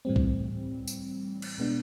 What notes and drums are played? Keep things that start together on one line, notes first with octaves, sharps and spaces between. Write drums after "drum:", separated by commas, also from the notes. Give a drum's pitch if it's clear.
A2 E3 G3 C4
drum: kick C2
drum: tambourine
drum: cymbal
B2 G#3 B3 D4